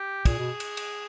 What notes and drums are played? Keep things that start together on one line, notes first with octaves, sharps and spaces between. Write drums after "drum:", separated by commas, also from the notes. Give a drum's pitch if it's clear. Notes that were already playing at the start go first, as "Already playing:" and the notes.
Already playing: G4
A#2 G#4, drum: kick, cymbal
B2
drum: cymbal
drum: cymbal